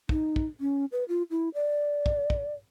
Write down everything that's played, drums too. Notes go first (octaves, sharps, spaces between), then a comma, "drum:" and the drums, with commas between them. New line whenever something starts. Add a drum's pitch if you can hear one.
D#4, drum: kick
drum: kick
C#4
B4
F4
E4
D5
drum: kick
drum: kick